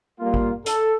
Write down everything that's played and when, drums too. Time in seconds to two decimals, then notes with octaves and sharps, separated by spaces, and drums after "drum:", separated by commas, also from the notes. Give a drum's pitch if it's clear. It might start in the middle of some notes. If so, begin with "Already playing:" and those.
0.20 G3 A#3 F4
0.34 drum: kick
0.66 A4, drum: hi-hat